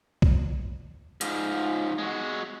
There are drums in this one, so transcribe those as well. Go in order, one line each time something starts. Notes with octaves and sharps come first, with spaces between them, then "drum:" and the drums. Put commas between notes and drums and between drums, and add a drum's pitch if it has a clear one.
drum: kick B1
G#2 F3, drum: hi-hat
G#3 F#4